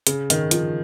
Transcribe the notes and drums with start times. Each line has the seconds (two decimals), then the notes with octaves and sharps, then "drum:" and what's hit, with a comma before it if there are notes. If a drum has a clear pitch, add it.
0.07 C#3, drum: hi-hat
0.30 D#3, drum: hi-hat
0.51 F3, drum: hi-hat